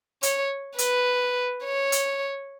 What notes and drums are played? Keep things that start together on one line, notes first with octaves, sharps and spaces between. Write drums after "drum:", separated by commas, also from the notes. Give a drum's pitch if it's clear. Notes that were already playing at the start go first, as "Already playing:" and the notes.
C#5, drum: hi-hat
B4, drum: hi-hat
C#5
drum: hi-hat